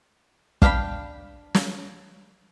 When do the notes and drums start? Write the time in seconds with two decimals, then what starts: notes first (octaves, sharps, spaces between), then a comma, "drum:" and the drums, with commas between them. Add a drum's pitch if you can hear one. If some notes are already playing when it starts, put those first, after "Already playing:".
0.62 D4 F5 G5 A#5 B5, drum: kick
1.55 drum: snare